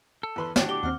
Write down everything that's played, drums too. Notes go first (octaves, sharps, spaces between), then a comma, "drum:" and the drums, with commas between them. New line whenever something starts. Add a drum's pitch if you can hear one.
A4
E2 B4 C6
A2 D4 F#4 G5, drum: snare
G4 D6 G7
D#2 C4 F#5 F6